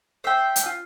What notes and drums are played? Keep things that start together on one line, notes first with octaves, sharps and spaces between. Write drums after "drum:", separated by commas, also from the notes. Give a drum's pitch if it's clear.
C5 E5 G5
drum: hi-hat
F4